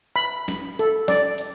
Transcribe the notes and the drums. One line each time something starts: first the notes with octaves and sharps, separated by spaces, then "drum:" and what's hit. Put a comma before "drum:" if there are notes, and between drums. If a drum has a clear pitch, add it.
B5
drum: snare
A4, drum: hi-hat
D5, drum: snare
drum: hi-hat